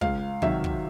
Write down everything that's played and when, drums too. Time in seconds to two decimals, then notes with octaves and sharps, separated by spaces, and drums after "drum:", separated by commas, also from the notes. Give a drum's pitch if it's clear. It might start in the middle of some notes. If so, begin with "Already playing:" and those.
0.01 C#2 F5, drum: kick
0.42 C3 D#3 F#3 E5, drum: kick
0.64 drum: kick